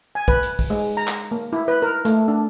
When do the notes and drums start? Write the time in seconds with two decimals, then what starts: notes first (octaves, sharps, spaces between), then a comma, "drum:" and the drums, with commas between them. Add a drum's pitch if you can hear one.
0.15 G#5
0.28 B4, drum: kick
0.43 drum: hi-hat
0.59 drum: kick, open hi-hat
0.70 G#3
0.97 A#5
1.08 drum: clap
1.31 A#3
1.53 E4
1.68 B4
1.82 A#4
2.05 A3, drum: hi-hat
2.28 D4